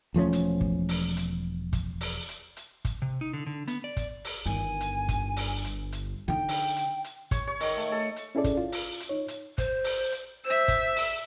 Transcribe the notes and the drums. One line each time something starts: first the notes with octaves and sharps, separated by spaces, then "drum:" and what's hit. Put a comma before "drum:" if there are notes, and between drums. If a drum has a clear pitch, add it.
E1 F3 A3 C#4
drum: hi-hat
drum: kick
drum: open hi-hat
drum: hi-hat
drum: kick, hi-hat
drum: open hi-hat
drum: hi-hat
drum: hi-hat
drum: kick, hi-hat
C3
D#4
D3
D3
B3, drum: hi-hat
D5
drum: kick, hi-hat
drum: open hi-hat
G1 G2 D#3 G#5
drum: hi-hat
drum: kick, hi-hat
drum: open hi-hat
drum: hi-hat
drum: hi-hat
D3 D#4 G5
drum: open hi-hat
drum: hi-hat
drum: hi-hat
C#5, drum: kick, hi-hat
C#5
D#3, drum: open hi-hat
A3
A4
drum: hi-hat
C#4 E4 G#4 A4 D5
drum: kick, hi-hat
F4
drum: open hi-hat
drum: hi-hat
D#4 C#5
drum: hi-hat
C5, drum: kick, hi-hat
drum: open hi-hat
drum: hi-hat
C5 E5 E6
drum: kick, hi-hat
drum: open hi-hat